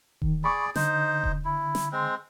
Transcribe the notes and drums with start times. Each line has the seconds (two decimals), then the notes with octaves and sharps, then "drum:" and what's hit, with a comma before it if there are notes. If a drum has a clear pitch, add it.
0.22 D#3, drum: kick D#1
0.44 G#4 D5 B5 C#6 D6
0.75 D3 D#4 C5, drum: snare
1.24 drum: kick D#1
1.45 E4
1.75 drum: snare
1.92 G#3 C4